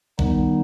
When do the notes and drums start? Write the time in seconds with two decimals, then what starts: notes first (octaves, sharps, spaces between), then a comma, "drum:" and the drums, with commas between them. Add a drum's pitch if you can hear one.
0.19 D#3 G3 B3 D#4, drum: kick A#1